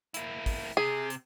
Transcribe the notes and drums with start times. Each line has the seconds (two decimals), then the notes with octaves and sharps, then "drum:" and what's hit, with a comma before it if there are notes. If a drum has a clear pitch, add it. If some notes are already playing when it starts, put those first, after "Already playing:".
0.14 A#3 E4, drum: hi-hat
0.46 drum: kick, open hi-hat
0.77 C3 G#4
1.10 drum: hi-hat